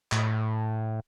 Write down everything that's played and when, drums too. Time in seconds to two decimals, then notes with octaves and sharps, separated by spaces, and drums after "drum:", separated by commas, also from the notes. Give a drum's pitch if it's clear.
0.12 A2, drum: clap